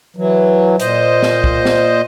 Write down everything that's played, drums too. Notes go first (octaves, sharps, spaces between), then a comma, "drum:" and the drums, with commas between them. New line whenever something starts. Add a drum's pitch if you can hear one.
E3 F#3
A#2 C5 D#5, drum: hi-hat
drum: snare
drum: kick
drum: snare